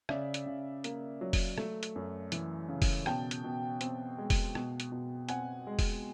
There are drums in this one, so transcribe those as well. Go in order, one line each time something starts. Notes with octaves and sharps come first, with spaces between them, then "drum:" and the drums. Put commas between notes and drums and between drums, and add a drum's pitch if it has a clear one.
C#3 D5 E5, drum: rim click
drum: hi-hat
C#3
A#3, drum: hi-hat
F#3
drum: kick F1, open hi-hat
A3, drum: rim click
drum: hi-hat
F#2
E3, drum: hi-hat
C#3
drum: kick F1, open hi-hat
B2 G5 A5, drum: rim click
drum: hi-hat
B2
C4, drum: hi-hat
G#3
drum: kick F1, open hi-hat
B2, drum: rim click
drum: hi-hat
B2
C4 F#5 G#5, drum: hi-hat
G#3
drum: kick F1, open hi-hat